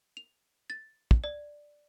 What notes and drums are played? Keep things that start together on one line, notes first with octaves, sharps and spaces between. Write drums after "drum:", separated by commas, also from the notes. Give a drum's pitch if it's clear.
F7
A6
drum: kick
D5